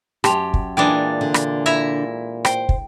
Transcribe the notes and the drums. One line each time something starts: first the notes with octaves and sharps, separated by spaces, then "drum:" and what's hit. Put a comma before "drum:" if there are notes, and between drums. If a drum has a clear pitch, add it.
F#2 G4 A5 C6 F7, drum: rim click
drum: kick
A#2 E3 G#3 D4 G5 D6
D3
drum: rim click
E4 E5 A#5
C5 G5, drum: rim click
drum: kick